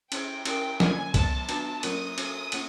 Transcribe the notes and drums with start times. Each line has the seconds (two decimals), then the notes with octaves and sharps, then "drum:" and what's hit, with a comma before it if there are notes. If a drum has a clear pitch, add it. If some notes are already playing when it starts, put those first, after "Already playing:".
0.12 C#4 E4 G#4 C5 G5, drum: cymbal
0.45 C#4 E4 G4 A#4 G5, drum: cymbal
0.80 D3 F#3 A#3 C#4 G#5, drum: snare
1.14 D#3 F#3 B3 A5, drum: kick, cymbal
1.49 B3 D4 F#4 B4, drum: cymbal
1.83 F#3 A#3 C#4 F4 A#4 D#6, drum: cymbal
2.18 C#4 F#4 A4 C5, drum: cymbal
2.52 A#3 C#4 F4, drum: cymbal